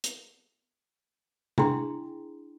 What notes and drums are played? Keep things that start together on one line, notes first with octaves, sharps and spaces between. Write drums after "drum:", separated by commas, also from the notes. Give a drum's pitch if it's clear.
drum: hi-hat
D4 E4 G#4 G5 A#5 C6, drum: tom C3